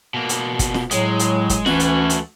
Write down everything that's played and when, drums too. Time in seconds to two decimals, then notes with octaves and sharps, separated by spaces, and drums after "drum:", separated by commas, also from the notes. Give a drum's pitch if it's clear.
0.14 B2 A#3
0.29 drum: hi-hat
0.59 drum: kick, hi-hat
0.74 drum: snare
0.91 A2 F#3 G#3, drum: hi-hat
1.19 drum: hi-hat
1.49 drum: kick, hi-hat
1.66 D2 E3 A3 C#4 F#4, drum: snare
1.80 drum: hi-hat
2.10 drum: hi-hat